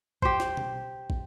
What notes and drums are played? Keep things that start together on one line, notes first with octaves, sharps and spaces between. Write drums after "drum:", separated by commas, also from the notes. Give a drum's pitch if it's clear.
G4 C5, drum: kick
drum: snare
drum: tom B2
drum: kick